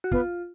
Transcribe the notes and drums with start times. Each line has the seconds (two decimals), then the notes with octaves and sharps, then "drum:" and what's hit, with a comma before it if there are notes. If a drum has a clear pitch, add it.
0.04 F#4
0.11 B3 F4, drum: kick